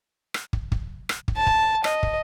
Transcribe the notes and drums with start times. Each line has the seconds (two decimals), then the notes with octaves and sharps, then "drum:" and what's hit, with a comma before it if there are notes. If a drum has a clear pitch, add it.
0.34 drum: rim click
0.53 drum: kick
0.72 drum: kick
1.09 drum: rim click
1.28 drum: kick
1.37 A5
1.47 drum: kick
1.84 D#5, drum: rim click
2.03 drum: kick